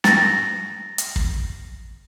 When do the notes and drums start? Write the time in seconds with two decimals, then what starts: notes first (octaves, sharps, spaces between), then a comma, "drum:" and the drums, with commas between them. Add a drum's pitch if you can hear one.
0.04 A6 A#6, drum: snare
0.98 drum: hi-hat
1.16 drum: kick